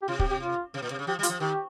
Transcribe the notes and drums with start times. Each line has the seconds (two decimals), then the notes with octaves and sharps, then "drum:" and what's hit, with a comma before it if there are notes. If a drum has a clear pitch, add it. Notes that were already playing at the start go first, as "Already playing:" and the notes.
0.02 G4
0.08 C3 F4
0.19 G4, drum: kick
0.31 G4
0.41 F4
0.74 C3
0.82 A#2
0.91 C3
0.99 C#3
1.07 F3 G4
1.19 G3
1.23 F4, drum: hi-hat
1.29 F3
1.40 D#3 G4